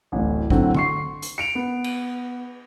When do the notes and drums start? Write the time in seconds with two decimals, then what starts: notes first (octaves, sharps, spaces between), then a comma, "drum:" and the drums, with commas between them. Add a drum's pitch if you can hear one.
0.12 D1 A1
0.50 A2 D3 F#3 C4, drum: kick
0.75 C6 C#6 C7, drum: tom D3
1.22 drum: hi-hat
1.38 C#7 D7 F7
1.55 B3
1.84 drum: cymbal